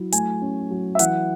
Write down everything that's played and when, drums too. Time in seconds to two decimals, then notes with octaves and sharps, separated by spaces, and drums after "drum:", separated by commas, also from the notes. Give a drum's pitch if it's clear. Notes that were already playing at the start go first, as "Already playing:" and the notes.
Already playing: F#3 E4
0.12 A3 G#5, drum: hi-hat
0.42 C#4
0.71 F#3
0.95 E5
0.99 E3 F#5, drum: hi-hat